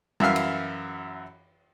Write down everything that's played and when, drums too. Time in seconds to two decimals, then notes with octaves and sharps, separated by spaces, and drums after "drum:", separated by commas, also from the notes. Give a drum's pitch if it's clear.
0.20 F#2 E3 E5 F5 F6, drum: tom G3
0.36 drum: cymbal